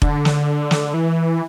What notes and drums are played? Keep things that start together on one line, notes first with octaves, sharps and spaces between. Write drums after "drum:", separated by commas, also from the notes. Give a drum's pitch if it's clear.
D3, drum: kick F1
drum: snare
drum: snare
E3